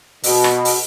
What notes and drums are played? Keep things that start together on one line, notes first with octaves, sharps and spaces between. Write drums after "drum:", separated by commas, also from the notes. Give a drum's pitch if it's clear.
B2, drum: open hi-hat
drum: rim click
drum: open hi-hat